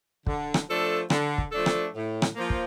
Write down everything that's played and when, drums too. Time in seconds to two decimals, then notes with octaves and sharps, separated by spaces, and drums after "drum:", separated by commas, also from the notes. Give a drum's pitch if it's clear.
0.27 D3, drum: kick
0.54 drum: rim click
0.68 F3 A3 D4 A4
1.10 D3, drum: rim click
1.38 drum: kick
1.52 F3 A3 D4 A4
1.66 drum: rim click
1.94 A2
2.22 drum: rim click
2.36 F3 A#3
2.50 drum: kick